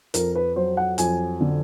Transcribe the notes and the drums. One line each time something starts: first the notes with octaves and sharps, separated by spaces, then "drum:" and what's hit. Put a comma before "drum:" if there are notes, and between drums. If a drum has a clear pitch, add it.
F2 A#4, drum: hi-hat
B4
F#3 C5
F#5
F2 G#5, drum: hi-hat
D3